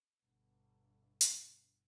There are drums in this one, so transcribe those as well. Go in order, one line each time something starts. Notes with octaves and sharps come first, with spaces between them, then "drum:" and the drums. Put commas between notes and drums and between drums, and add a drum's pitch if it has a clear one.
G1 B2
drum: hi-hat